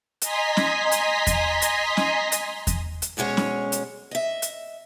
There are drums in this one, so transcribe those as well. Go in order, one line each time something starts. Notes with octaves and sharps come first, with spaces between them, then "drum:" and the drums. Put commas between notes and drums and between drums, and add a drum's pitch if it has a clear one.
D#5 G#5 A#5 C6 B6, drum: hi-hat
drum: snare C#4
drum: hi-hat
drum: kick E2, hi-hat
drum: hi-hat
drum: snare C#4
drum: hi-hat
drum: kick E2, hi-hat
drum: hi-hat
D2 B2 G#3 C#4 C#5
drum: snare C#4
drum: hi-hat
D#5 E5
drum: hi-hat